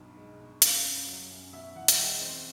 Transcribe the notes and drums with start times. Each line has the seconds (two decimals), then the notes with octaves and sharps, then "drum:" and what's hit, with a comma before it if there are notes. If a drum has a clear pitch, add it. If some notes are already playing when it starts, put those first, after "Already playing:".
Already playing: B1 G2 B2
0.17 G#3
0.40 B1
0.62 C#3 F5, drum: hi-hat
0.85 F#2
1.08 F#3
1.31 F#2
1.53 B2 E5
1.76 E2 F#5
1.88 drum: hi-hat
1.99 G#3 G5
2.21 C4